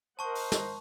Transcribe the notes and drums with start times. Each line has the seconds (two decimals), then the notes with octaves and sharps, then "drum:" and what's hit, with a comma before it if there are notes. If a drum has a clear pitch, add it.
0.19 A#4 C5 D#5 F#5 A5 C#6
0.35 drum: open hi-hat
0.52 drum: snare